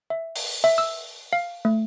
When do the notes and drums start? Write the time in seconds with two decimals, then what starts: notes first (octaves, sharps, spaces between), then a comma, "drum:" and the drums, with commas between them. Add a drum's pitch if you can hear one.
0.10 E5
0.36 drum: open hi-hat
0.64 E5
0.78 E6
1.33 F5
1.65 A3